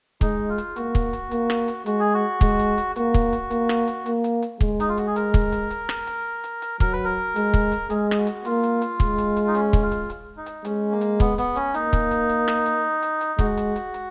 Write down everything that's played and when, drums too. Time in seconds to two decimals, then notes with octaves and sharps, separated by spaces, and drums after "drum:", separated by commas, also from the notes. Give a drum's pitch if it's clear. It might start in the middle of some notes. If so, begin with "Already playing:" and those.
0.21 G#3 D#4, drum: kick, hi-hat
0.49 F4
0.58 drum: hi-hat
0.76 A#3 F#4, drum: hi-hat
0.95 drum: kick, hi-hat
1.13 drum: hi-hat
1.31 A#3, drum: hi-hat
1.50 drum: rim click
1.68 drum: hi-hat
1.86 G#3 F#4, drum: hi-hat
2.00 G#4
2.14 F#4
2.41 G#3, drum: kick, hi-hat
2.59 drum: hi-hat
2.78 drum: hi-hat
2.96 A#3 F#4, drum: hi-hat
3.14 drum: kick, hi-hat
3.33 drum: hi-hat
3.51 A#3, drum: hi-hat
3.69 drum: rim click
3.88 drum: hi-hat
4.06 A#3, drum: hi-hat
4.24 drum: hi-hat
4.42 drum: hi-hat
4.61 G#3, drum: kick
4.80 D#4, drum: hi-hat
4.89 F4
4.98 F#4, drum: hi-hat
5.07 G#4
5.16 A#4, drum: hi-hat
5.34 drum: kick, hi-hat
5.52 drum: hi-hat
5.71 drum: hi-hat
5.89 drum: rim click
6.07 drum: hi-hat
6.44 drum: hi-hat
6.62 drum: hi-hat
6.80 F#3 A#4, drum: kick, hi-hat
6.93 B4
7.05 A#4
7.36 G#3, drum: hi-hat
7.54 drum: kick
7.72 drum: hi-hat
7.90 G#3 G#4, drum: hi-hat
8.11 G#4, drum: rim click
8.18 F#4
8.27 drum: hi-hat
8.45 A#3 F4, drum: hi-hat
8.63 drum: hi-hat
8.82 drum: hi-hat
9.00 G#3, drum: kick, hi-hat
9.18 drum: hi-hat
9.37 drum: hi-hat
9.47 D#4
9.55 C#4, drum: hi-hat
9.73 drum: kick, hi-hat
9.82 F4
9.91 drum: hi-hat
10.10 drum: hi-hat
10.37 D#4
10.46 drum: hi-hat
10.65 G#3 C#4, drum: hi-hat
10.92 A#3
11.01 drum: hi-hat
11.20 B3, drum: kick, hi-hat
11.38 B3, drum: hi-hat
11.56 C#4, drum: hi-hat
11.74 A#3 D#4, drum: hi-hat
11.93 drum: kick, hi-hat
12.11 drum: hi-hat
12.29 drum: hi-hat
12.48 drum: rim click
12.66 drum: hi-hat
13.03 drum: hi-hat
13.21 drum: hi-hat
13.39 G#3 F#4, drum: kick, hi-hat
13.57 drum: hi-hat
13.76 drum: hi-hat
13.94 drum: hi-hat